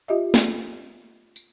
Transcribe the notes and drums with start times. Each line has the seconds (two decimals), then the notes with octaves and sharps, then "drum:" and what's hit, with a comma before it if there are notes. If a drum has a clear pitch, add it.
0.08 F4 G4 D#5 E5
0.34 drum: snare
1.36 drum: tambourine